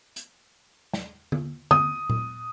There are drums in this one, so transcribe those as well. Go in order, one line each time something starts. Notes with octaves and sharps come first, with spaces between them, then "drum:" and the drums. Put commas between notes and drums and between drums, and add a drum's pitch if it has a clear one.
drum: hi-hat
drum: snare
drum: tom D3
D#6, drum: tom D3
drum: tom A#2